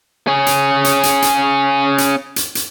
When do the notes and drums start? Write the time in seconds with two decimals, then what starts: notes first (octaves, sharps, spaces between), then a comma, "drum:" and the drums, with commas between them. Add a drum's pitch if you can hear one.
0.28 C#4 G#4
0.47 drum: hi-hat
0.84 drum: hi-hat
1.03 drum: hi-hat
1.22 drum: hi-hat
1.98 drum: hi-hat
2.36 drum: hi-hat
2.55 drum: hi-hat